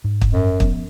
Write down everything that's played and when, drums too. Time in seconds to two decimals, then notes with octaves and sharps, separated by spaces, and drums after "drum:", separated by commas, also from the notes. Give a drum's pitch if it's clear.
0.04 G#2
0.21 drum: kick
0.33 F#2
0.60 F3 B3, drum: kick